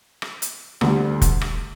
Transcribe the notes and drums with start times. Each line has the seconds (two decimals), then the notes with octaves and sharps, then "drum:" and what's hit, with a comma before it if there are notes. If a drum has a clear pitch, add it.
0.22 drum: rim click
0.42 drum: hi-hat
0.81 D2 D3 G3, drum: rim click
1.22 drum: kick, hi-hat
1.41 drum: rim click